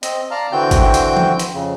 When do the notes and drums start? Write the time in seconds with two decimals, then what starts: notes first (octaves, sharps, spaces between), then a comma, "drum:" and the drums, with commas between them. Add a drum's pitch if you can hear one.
0.03 C4 D#5, drum: hi-hat
0.31 D5 F5 A5 A#5 F6
0.52 D3 E3 C4 F#4 G5 G6
0.71 drum: kick G#1, hi-hat
0.94 drum: hi-hat
1.17 drum: tom F3
1.39 drum: hi-hat
1.54 F2 C#3